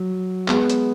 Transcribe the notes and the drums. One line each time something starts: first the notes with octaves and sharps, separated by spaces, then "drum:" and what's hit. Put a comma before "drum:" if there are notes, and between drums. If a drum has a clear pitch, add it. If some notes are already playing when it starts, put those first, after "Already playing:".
Already playing: F#3
G#3 B3, drum: clap
drum: hi-hat